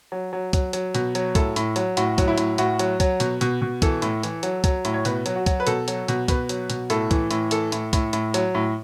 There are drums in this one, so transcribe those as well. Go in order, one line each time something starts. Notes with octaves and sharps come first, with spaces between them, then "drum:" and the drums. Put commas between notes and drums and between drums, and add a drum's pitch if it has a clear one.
F#3
F#3
F#3, drum: kick, hi-hat
F#3, drum: hi-hat
B2, drum: hi-hat
F#3, drum: hi-hat
A2 A4, drum: kick, hi-hat
A2, drum: hi-hat
F#3, drum: hi-hat
A2 F#4, drum: hi-hat
F#3, drum: kick, hi-hat
E4
A2, drum: hi-hat
A2 F#4, drum: hi-hat
F#3, drum: hi-hat
F#3, drum: kick, hi-hat
B2, drum: hi-hat
B2, drum: hi-hat
B2
E3 A4, drum: kick, hi-hat
A2, drum: hi-hat
E3, drum: hi-hat
F#3, drum: hi-hat
F#3, drum: kick, hi-hat
A2, drum: hi-hat
C#5
B2 B4, drum: hi-hat
F#3, drum: hi-hat
F#4
F#3, drum: kick, hi-hat
B4
B2 A4, drum: hi-hat
F#3, drum: hi-hat
B2, drum: hi-hat
B2 B4, drum: kick, hi-hat
F#3, drum: hi-hat
B2, drum: hi-hat
A2 A4, drum: hi-hat
E3, drum: kick, hi-hat
A2, drum: hi-hat
E3 A4, drum: hi-hat
A2, drum: hi-hat
A2, drum: kick, hi-hat
A2, drum: hi-hat
F#3, drum: hi-hat
A2